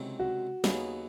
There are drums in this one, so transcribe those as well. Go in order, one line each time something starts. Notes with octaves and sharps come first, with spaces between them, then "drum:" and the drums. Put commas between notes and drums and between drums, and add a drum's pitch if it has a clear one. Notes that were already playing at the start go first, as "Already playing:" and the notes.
Already playing: C#2 C3 D#3 F#3
F#4
D#2 C#3 F#3 B3 D#4, drum: snare